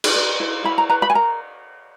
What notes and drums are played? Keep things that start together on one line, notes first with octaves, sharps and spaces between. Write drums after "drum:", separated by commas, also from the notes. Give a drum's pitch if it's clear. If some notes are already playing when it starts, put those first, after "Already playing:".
drum: cymbal
B4
E4
E4 B5
A#5
B4 A#5
B5
G#5
A#4 A#5